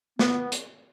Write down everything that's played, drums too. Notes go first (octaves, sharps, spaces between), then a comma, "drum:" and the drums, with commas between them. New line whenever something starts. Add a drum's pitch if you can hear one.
B3, drum: snare
drum: hi-hat